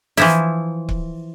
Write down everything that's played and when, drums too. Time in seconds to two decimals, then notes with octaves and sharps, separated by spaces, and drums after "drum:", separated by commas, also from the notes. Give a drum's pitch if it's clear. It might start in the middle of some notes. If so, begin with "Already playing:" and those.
0.17 E3 F3 E4, drum: snare
0.89 drum: kick C#1